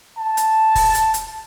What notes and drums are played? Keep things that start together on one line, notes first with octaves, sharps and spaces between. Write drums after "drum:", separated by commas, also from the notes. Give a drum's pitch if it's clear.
A5
drum: hi-hat
drum: kick F1, open hi-hat
drum: hi-hat
drum: hi-hat